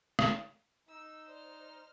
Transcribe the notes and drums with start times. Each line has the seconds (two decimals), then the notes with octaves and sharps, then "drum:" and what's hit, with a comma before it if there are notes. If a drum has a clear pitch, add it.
0.19 drum: rim click
0.89 D#4 E6
1.28 C5 D5 F6